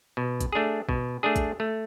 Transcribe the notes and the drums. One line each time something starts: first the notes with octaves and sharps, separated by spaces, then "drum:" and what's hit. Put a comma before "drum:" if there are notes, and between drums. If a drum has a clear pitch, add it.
B2
drum: kick, hi-hat
A3 D4 G#4
B2, drum: kick
A3 D4 G#4
drum: kick, hi-hat
A3